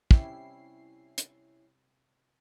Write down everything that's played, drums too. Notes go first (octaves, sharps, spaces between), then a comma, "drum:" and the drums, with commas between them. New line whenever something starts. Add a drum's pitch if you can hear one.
C3 G3 C#4 E4 G5 C7, drum: kick
drum: hi-hat